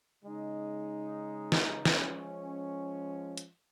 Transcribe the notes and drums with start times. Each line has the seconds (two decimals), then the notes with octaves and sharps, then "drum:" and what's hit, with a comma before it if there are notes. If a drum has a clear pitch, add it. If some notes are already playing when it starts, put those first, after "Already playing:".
0.23 C#3 G#3 D#4
1.52 drum: snare
1.85 F3 G#3 C#4, drum: snare
3.38 drum: hi-hat